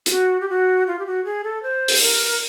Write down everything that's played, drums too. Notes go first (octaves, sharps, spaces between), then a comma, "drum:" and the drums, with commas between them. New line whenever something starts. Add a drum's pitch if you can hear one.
F4, drum: hi-hat
F#4
G4
F#4
F4
G4
F#4
G#4
A4
C5
drum: open hi-hat
A#4